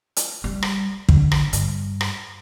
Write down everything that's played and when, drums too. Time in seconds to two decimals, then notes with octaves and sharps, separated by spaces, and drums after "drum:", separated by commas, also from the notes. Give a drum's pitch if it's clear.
0.16 drum: hi-hat
0.44 G3
0.63 drum: rim click
1.09 D3, drum: kick
1.32 drum: rim click
1.53 G2, drum: hi-hat
2.01 drum: rim click